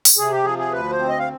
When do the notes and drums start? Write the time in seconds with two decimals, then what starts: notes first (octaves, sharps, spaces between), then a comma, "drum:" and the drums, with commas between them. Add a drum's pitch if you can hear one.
0.05 drum: open hi-hat
0.17 C3 G#4
0.32 G4
0.44 F3 G#4
0.58 G#4
0.72 D2 B4
0.91 C5
0.99 C4
1.09 D#5
1.19 F5